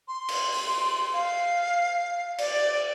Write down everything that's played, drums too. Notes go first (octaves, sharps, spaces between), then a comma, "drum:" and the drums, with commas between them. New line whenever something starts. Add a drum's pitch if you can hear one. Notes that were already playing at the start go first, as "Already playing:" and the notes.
C6
drum: cymbal
drum: open hi-hat
F5
D5, drum: cymbal